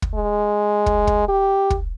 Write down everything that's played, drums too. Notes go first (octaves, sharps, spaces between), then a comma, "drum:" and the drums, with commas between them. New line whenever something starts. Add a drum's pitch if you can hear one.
drum: kick
G#3
drum: kick
drum: kick
G4
drum: kick